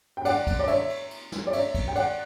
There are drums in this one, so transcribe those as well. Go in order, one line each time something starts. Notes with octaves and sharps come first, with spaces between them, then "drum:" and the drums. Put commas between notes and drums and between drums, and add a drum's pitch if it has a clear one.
G5
D5 F#5, drum: cymbal
drum: kick, cymbal
D5
C#5 E5, drum: cymbal
drum: cymbal
drum: cymbal
drum: snare
D5
C#5 E5, drum: cymbal
drum: kick, cymbal
G5
D5 F#5, drum: cymbal